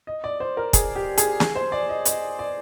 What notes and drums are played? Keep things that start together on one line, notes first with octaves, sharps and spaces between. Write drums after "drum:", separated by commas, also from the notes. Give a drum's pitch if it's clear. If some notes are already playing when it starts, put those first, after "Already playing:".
D#5
D5
C5
A#4
G#4, drum: kick, hi-hat
G4
G#4, drum: hi-hat
G#4, drum: snare
C5
D5
D#5
D#5, drum: hi-hat
D5